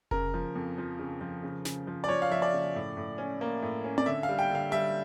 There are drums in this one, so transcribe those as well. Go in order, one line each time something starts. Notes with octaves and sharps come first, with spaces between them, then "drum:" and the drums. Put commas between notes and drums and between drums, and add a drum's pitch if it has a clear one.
C#3 A#4, drum: kick F1
F3
F2
F3
C#3
F3
C#3
C#3, drum: snare
F3
D5
F3 C#5
F5
F3 E5
D5
C#3
A2
A2
C#4
A#3
A2
C#4
D5, drum: tom C4
D3 E5
F5
G3
G5
D3 F5
G3 E5